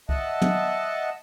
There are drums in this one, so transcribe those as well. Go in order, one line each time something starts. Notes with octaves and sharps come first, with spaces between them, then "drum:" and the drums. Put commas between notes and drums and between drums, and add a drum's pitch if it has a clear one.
D#5 E5 F#5 A5, drum: kick C2
drum: tom